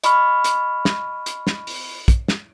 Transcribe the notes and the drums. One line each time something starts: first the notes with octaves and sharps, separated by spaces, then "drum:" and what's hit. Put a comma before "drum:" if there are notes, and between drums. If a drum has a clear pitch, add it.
D#5 B5 C#6 F6, drum: hi-hat
drum: hi-hat
drum: snare
drum: hi-hat
drum: snare
drum: open hi-hat
drum: kick, hi-hat
drum: snare